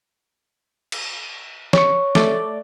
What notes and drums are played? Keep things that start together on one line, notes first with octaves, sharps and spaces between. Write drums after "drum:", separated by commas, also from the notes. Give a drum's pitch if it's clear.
drum: cymbal
C#5 C#6, drum: snare
A3 D5, drum: snare